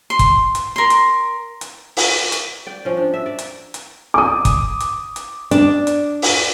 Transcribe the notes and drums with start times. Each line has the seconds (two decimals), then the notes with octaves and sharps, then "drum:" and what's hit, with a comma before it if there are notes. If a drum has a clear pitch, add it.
0.10 C6
0.19 drum: kick, hi-hat
0.55 drum: hi-hat
0.76 A#4 C6
0.90 drum: hi-hat
1.61 drum: hi-hat
1.97 drum: open hi-hat
2.32 drum: hi-hat
2.66 D5 G5
2.85 F3 C#4
2.97 D4
3.14 E5
3.26 D5
3.39 drum: hi-hat
3.74 drum: hi-hat
4.14 D6 D#6
4.45 drum: kick, hi-hat
4.80 drum: hi-hat
5.16 drum: hi-hat
5.51 D4, drum: hi-hat
5.87 drum: hi-hat
6.22 drum: open hi-hat